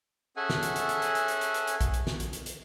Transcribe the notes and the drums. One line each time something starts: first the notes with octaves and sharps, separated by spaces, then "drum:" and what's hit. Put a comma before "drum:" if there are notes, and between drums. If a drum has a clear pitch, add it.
C#4 G#4 A4 E5 F#5 G#5
drum: snare
drum: hi-hat
drum: hi-hat
drum: hi-hat
drum: hi-hat
drum: hi-hat
drum: hi-hat
drum: hi-hat
drum: hi-hat
drum: hi-hat
drum: kick A1, hi-hat
drum: hi-hat
drum: snare
drum: hi-hat
drum: hi-hat
drum: hi-hat